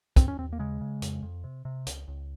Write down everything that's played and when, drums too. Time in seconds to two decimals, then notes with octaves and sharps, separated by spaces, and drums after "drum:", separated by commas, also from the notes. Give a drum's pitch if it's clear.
0.16 D#2 C4, drum: kick, hi-hat
0.28 C#4
0.38 D#2 C4
0.53 A#3
0.59 C#3 G#3
0.81 C#3
1.02 F2, drum: hi-hat
1.22 F2
1.44 C3
1.65 C3
1.87 C#2, drum: hi-hat
2.08 C#2